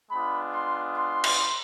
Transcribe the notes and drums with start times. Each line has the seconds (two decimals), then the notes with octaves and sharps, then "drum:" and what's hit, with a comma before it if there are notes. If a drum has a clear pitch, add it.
0.11 G#3 B3 D4 F4 B5
0.54 C6
0.95 C6
1.24 drum: cymbal